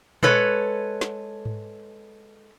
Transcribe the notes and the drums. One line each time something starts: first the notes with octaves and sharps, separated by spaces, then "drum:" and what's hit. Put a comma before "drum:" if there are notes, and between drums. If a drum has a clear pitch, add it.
G#3 A4 B4 C#5, drum: tom A#2
drum: snare
drum: tom G#2